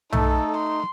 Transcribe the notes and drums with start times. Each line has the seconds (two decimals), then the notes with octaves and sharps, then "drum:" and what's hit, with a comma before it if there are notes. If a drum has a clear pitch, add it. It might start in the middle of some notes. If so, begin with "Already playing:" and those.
0.13 A3 D#4 A4, drum: tom B1
0.56 C6